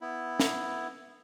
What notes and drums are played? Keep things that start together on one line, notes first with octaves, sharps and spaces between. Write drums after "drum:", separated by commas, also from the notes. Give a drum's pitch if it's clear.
B3 E4
drum: snare